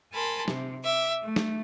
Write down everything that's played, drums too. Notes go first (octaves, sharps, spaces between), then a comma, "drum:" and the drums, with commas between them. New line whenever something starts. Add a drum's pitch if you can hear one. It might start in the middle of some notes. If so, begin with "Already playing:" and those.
A#4 G#5 A5 B5 C6
C3, drum: snare
E5 D6
A3
drum: snare